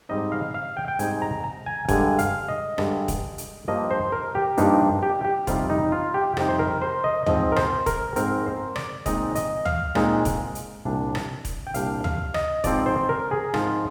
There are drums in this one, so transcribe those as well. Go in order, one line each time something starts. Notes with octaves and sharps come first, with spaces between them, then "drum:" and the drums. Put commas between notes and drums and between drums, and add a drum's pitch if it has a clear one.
G#2 G3 C4 D#4 D#5
F5
F5
G5
G5
G#2 G3 C4 D#4 G#5, drum: hi-hat
A#5
A#5
G#5
G2 D3 G#3 G#5, drum: kick E1, hi-hat
F5, drum: hi-hat
D#5
G2 D3 G#3, drum: rim click
drum: kick E1, hi-hat
drum: hi-hat
G2 F3 A#3 D4 D#5
C5
A#4
G4
G2 F3 A#3 D4 D#4, drum: hi-hat
G4
G4
F2 C3 G3 C4 D#4 F4, drum: kick E1, hi-hat
D#4
F4
G4
F2 C3 G3 C4 D#4 G4, drum: rim click
C5
A#4
C5
D#5
G#2 F3 C4 D#5, drum: tom
A#4
C5, drum: rim click
A#4, drum: kick E1, hi-hat
G#2 F3 C4 A#4, drum: hi-hat
C5
D5, drum: rim click
A#2 G#3 C4 D#4 D#5, drum: kick E1, hi-hat
D#5, drum: hi-hat
F5, drum: tom
A#2 G#3 C4 D#4, drum: rim click
drum: kick E1, hi-hat
drum: hi-hat
C2 A#2 G3 D4
drum: rim click
drum: kick E1, hi-hat
G5
C2 A#2 G3 D4 F5, drum: hi-hat
F5, drum: tom
D#5, drum: rim click
G#2 F3 C4 D#4 D5, drum: kick E1, hi-hat
C5
A#4
G#4
G#2 F3 C4 D#4 F4, drum: rim click